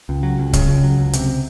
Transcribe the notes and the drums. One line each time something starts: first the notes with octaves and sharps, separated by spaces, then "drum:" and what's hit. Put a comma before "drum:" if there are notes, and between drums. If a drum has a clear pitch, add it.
C#2
F#3
C#2
C#3, drum: kick C#1, hi-hat
C#2
F#3
C#2
C3, drum: hi-hat